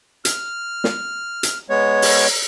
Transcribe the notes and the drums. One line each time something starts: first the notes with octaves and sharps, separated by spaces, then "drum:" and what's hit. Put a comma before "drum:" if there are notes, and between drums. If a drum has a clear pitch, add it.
F6, drum: hi-hat
drum: snare
drum: hi-hat
G#3 B3 C#5
drum: open hi-hat